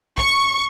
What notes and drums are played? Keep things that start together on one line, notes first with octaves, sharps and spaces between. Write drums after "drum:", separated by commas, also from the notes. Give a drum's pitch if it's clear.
C#6, drum: kick